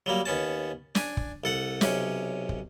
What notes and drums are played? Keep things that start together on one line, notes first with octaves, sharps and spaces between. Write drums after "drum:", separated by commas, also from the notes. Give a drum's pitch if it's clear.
F#3 G3 A#3
D#2 B3 C#4 A5
D4 G#5, drum: snare
drum: kick
C2 A4 F#5
B1 C3 C#4, drum: snare
drum: kick